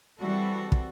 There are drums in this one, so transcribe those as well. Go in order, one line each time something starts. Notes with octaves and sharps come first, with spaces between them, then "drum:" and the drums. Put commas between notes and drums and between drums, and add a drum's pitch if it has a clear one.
E3 G3 C4 F#4 A4
drum: kick